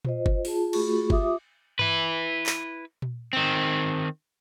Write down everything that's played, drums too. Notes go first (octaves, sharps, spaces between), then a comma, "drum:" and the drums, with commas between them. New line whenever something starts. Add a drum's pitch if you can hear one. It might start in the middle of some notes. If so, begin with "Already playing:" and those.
F4 C5 D#5, drum: tom A#2
drum: kick G1
F4 G#4 A5, drum: open hi-hat
A3 F4 F#4 G#4 B5 C#6, drum: cymbal
F4 G4 E5 D6 D#6, drum: kick G1
E4 B4, drum: tom G2
drum: clap
drum: tom A#2
D#3 C4